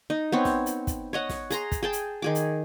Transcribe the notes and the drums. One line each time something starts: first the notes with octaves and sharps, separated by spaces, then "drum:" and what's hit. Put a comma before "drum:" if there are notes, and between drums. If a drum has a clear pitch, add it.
D#4
B3 C4 C#5
drum: snare
drum: hi-hat
drum: kick, hi-hat
C#5 D#5 F#5
drum: snare
G#4 A#5 C6, drum: hi-hat
drum: kick, hi-hat
G#4 G5 A5
drum: hi-hat
D#3 G#4 D6
drum: hi-hat